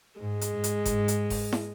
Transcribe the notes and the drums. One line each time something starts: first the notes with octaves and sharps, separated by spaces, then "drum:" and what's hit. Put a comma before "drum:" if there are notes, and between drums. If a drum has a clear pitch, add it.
G#2 G#3
drum: hi-hat
G#2
drum: hi-hat
G#2, drum: kick F#1, hi-hat
drum: hi-hat
drum: kick F#1, open hi-hat
drum: snare